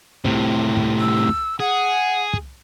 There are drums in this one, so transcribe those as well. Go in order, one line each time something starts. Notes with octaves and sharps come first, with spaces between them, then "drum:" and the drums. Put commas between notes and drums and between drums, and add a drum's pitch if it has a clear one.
A2 C3, drum: kick
drum: kick
E6
drum: kick
G#4 F#5
drum: kick